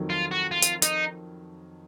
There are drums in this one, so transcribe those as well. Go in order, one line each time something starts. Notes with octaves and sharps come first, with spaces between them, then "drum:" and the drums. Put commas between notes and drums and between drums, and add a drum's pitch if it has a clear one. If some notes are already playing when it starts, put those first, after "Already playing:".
Already playing: F2 D#3 F#3
F4
F#4
F4
drum: hi-hat
D#4, drum: hi-hat